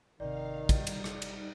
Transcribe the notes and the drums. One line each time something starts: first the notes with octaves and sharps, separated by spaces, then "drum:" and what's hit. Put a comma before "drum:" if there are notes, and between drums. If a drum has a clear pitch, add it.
G#1 C3 D#3 D5 F5
G3 D#4, drum: kick, cymbal
drum: cymbal
drum: rim click
drum: cymbal